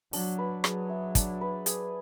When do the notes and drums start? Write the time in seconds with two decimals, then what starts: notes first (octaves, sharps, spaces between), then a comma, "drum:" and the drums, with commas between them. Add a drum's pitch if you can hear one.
0.13 F#3 D4, drum: open hi-hat
0.39 B4
0.64 F#3 G#4, drum: rim click
0.90 E5
1.15 D4, drum: kick, hi-hat
1.41 B4
1.66 G#4, drum: hi-hat